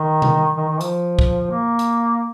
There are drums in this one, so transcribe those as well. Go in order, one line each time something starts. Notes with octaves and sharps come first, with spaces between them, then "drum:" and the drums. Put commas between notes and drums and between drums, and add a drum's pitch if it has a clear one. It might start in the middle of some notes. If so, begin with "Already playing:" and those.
Already playing: D#3
drum: tom B2
D#3
D#3
F3, drum: hi-hat
drum: kick
A#3
drum: hi-hat